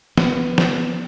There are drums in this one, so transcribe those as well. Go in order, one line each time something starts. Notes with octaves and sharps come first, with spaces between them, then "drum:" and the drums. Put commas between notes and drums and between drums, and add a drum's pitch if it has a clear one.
B3, drum: snare
drum: snare